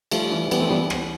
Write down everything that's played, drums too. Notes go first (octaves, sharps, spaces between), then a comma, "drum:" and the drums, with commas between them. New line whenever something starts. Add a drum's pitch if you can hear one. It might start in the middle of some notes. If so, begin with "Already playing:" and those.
F3 G3 A3, drum: cymbal
E3
E3 G3 B3, drum: cymbal
A3 C4
E3 G3 B3
drum: rim click